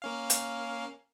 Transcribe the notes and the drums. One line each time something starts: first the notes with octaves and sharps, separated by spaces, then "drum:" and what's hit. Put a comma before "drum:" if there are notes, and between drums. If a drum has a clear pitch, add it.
A#3 C#4 F5
drum: hi-hat